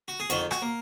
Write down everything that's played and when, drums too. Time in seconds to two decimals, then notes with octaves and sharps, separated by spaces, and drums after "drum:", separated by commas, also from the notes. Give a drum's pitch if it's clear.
0.08 F#4
0.20 G#4
0.30 F2 D#3 F#4, drum: hi-hat
0.51 F#4, drum: rim click
0.62 A#3